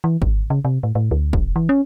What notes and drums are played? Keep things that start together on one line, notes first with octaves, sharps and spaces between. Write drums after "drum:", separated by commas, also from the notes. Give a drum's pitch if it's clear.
E3
G#1, drum: kick
C#3
C3
A2
A2
D2
D#1, drum: kick
E3
C#4